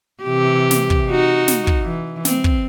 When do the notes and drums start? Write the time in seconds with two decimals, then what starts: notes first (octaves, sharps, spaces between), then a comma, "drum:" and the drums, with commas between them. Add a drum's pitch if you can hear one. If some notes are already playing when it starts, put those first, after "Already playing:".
0.24 C3 E3 G4
0.71 drum: snare
0.90 drum: kick
1.09 D#4 F#4
1.48 drum: snare
1.67 drum: kick
1.82 E3
2.25 C4, drum: snare
2.44 drum: kick